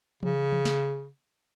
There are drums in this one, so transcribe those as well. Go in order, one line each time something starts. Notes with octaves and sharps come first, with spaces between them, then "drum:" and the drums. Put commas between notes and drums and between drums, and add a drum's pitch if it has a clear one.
C#3, drum: tom E3
drum: tom E3
drum: snare